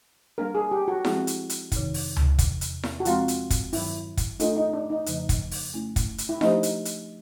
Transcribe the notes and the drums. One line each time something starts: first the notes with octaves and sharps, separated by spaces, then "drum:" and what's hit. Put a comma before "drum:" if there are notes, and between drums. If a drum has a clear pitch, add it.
G3 A#3 D4 A#4
G#4
G4
F#4
F3 G#3 C4 E4 F#4 G#4, drum: snare E4
drum: hi-hat
drum: hi-hat
F2 C3 D#3, drum: kick, hi-hat
drum: open hi-hat
drum: tom C#2
E2 C3 E3, drum: kick, hi-hat
drum: hi-hat
drum: snare E4
F#4
F3 G#3 C4 F4, drum: hi-hat
drum: hi-hat
drum: kick, hi-hat
G2 D#3 F#3 E4, drum: open hi-hat
drum: kick, hi-hat
A3 D4 D#4 F4 A4, drum: hi-hat
D#4
D4
D#4
F2 C#3 F3 A3, drum: hi-hat
drum: kick, hi-hat
drum: open hi-hat
A3 C#4 E4
drum: kick, hi-hat
drum: hi-hat
E4
F3 A3 D4 D#4 G4 C5, drum: snare E4
drum: hi-hat
drum: hi-hat